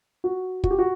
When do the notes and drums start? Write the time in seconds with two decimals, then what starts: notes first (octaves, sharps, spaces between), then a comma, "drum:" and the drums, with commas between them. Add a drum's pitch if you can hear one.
0.24 F#4
0.64 F#4, drum: kick
0.71 G4
0.79 F#4